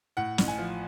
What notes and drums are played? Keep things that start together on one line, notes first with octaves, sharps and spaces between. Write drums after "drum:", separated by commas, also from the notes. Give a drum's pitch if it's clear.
A2 F#5
A1, drum: snare
G#5
F3